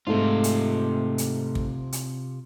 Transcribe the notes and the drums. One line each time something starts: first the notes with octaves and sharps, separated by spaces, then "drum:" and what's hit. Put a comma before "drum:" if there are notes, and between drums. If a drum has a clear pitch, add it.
G#2 C3 A3 F4
drum: hi-hat
drum: hi-hat
drum: kick
drum: hi-hat